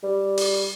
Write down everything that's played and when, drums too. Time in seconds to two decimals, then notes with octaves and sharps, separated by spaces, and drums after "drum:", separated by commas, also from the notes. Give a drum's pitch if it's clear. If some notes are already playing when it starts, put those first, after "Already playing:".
0.04 G3
0.38 drum: open hi-hat